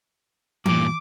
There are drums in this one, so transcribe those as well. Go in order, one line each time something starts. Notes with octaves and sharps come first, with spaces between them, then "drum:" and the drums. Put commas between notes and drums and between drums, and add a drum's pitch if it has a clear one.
G2 A#2 D6, drum: tom E3